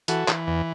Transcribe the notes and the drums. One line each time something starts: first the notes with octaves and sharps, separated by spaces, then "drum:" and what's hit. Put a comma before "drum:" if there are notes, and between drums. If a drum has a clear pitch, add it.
E3 F#4 A4, drum: hi-hat
E3, drum: clap
E2